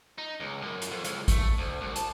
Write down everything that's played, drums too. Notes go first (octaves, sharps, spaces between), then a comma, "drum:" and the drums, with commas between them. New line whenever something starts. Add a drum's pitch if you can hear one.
D#4
C#2
F#2
drum: hi-hat
F2
C#2, drum: hi-hat
A3, drum: kick A1, hi-hat
D2
C2
A5, drum: hi-hat